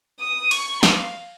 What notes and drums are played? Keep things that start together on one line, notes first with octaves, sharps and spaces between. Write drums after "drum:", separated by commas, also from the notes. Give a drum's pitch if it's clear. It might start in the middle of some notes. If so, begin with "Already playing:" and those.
D#6
C#6, drum: cymbal
F5, drum: snare